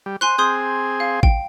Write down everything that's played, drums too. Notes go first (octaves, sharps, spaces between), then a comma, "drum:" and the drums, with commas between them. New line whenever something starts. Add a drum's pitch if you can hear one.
G3
C5 G#5 C6 F#6
C4 G#4 C6 D#6 G6
F5
G5, drum: kick